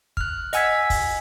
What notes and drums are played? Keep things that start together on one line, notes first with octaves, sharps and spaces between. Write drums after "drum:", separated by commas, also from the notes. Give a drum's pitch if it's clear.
F6 F#6, drum: kick
D#5 F#5 G#5 E6 G#6 B6, drum: hi-hat
drum: kick, open hi-hat